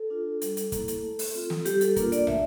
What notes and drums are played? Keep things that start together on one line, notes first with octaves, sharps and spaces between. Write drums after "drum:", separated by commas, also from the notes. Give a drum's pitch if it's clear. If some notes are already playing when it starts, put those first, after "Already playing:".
Already playing: A4
D4 F4
G3 A4, drum: hi-hat
drum: hi-hat
A#3 E4, drum: kick, hi-hat
drum: hi-hat
A3
drum: open hi-hat
C4 F4
drum: snare
G3 G4, drum: hi-hat
A4, drum: hi-hat
A#3 D4 F4 A#4, drum: kick, hi-hat
D5, drum: hi-hat
A3 E5, drum: tom